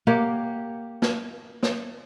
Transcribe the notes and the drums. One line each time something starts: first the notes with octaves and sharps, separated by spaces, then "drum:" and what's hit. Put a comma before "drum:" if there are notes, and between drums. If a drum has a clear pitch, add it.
A#3 G4 C#5 F#5
drum: snare
drum: snare